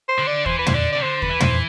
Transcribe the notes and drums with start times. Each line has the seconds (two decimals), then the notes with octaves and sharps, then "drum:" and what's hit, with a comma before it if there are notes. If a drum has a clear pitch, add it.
0.09 C5
0.19 D3
0.27 D5
0.46 E3 C5, drum: kick
0.59 B4
0.67 C5, drum: tom
0.74 D3 D5
0.93 C3 D5
1.02 D3 C5
1.22 B4, drum: kick
1.30 E3
1.40 C5, drum: tom